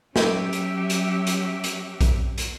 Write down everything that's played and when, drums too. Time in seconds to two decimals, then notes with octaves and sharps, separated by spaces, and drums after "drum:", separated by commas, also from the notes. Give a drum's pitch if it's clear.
0.16 F#3 C#4 G4 E5, drum: snare
0.53 drum: hi-hat
0.90 drum: hi-hat
1.27 drum: hi-hat
1.64 drum: hi-hat
2.01 drum: kick A#1, hi-hat
2.38 drum: hi-hat